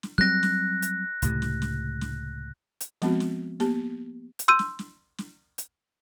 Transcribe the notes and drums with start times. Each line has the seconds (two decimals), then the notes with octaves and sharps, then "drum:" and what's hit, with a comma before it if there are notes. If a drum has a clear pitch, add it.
0.03 drum: snare
0.18 F#3 G3 C4 F#6 A#6
0.43 drum: snare
0.82 drum: hi-hat
1.22 C#2 A2 C3, drum: hi-hat
1.42 drum: snare
1.62 drum: snare
2.01 drum: snare
2.81 drum: hi-hat
3.02 F3 G#3 B3 C4 F#4, drum: snare
3.20 drum: snare
3.60 A#3 B3 G4, drum: snare
4.39 drum: hi-hat
4.48 C6 E6 G6 D#7
4.59 drum: snare
4.79 drum: snare
5.18 drum: snare
5.58 drum: hi-hat